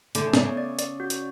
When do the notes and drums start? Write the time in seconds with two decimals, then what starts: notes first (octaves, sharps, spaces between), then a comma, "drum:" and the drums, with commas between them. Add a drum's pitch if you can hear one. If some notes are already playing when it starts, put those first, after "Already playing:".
0.15 D3 A3, drum: hi-hat
0.24 C#3
0.33 B2 D5, drum: snare
0.42 C#3
0.57 D5
0.79 D5, drum: hi-hat
1.00 F#4
1.10 drum: hi-hat